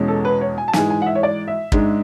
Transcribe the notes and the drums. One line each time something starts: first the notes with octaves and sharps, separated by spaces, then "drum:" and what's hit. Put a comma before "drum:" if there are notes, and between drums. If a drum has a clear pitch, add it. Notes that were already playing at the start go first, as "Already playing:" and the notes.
Already playing: E2 B2 G#3 C#4
A4
B4
C#5
G#5
A5
G#2 E3 G#3 G#5, drum: snare
G#5
F#5
E5
C#5
D5
E5
G#2 G#3 D4, drum: kick